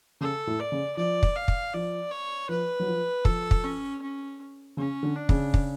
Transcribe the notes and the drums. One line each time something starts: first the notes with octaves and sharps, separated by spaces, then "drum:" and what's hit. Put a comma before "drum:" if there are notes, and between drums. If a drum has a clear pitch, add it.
C#3 A4
A2
D5
C#3
F3 D5
drum: kick
F5
drum: kick
F3 D5
C#5
F3 B4
F#3
F3
F3 A4, drum: kick
drum: kick
C#4
C#4
C#3 C#4
D3
D4
C#3, drum: kick
drum: kick